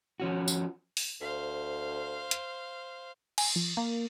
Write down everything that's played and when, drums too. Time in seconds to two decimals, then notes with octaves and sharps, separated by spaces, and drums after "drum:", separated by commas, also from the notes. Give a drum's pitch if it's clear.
0.20 F3 C#4 F#4
0.48 drum: tambourine
0.97 drum: open hi-hat
1.21 D2 C5 F5
2.31 drum: hi-hat
3.38 G#5, drum: cymbal
3.56 F3
3.77 A#3